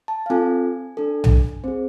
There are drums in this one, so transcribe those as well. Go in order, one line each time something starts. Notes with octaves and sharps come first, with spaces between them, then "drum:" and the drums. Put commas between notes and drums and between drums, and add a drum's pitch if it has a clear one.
A5
F5
C4 F4 A4 G#5
D4 A4
drum: tom B1
C4 G#4 C5